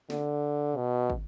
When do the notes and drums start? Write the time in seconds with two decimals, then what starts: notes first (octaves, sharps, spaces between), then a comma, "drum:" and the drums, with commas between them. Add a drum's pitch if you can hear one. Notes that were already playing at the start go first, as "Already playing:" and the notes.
0.10 D3, drum: snare
0.77 B2
1.10 drum: kick